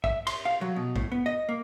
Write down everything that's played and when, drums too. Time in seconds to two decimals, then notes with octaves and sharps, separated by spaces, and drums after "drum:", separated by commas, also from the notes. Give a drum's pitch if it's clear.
0.04 E5, drum: kick A1
0.27 C6, drum: cymbal
0.45 F5
0.61 F#3
0.76 B2
0.96 A2, drum: kick A1
1.12 B3
1.26 D#5
1.49 A#3